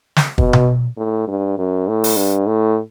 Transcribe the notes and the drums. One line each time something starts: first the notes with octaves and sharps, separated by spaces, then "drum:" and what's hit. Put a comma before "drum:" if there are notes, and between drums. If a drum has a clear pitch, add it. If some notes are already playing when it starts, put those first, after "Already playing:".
drum: snare
B2, drum: kick
drum: tom B2
A2
G2
F#2
A2
drum: open hi-hat
G2
A2